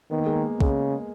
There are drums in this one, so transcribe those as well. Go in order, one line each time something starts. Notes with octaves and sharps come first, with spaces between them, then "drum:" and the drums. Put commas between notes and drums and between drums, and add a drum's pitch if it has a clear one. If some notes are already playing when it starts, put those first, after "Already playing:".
D#3 B3
A#3
G#3
A#3
C#3 G#3, drum: kick